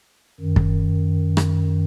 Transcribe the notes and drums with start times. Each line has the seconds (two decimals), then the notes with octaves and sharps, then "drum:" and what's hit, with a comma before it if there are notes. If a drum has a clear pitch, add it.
0.40 F#2 D#3
0.56 drum: kick
1.37 drum: rim click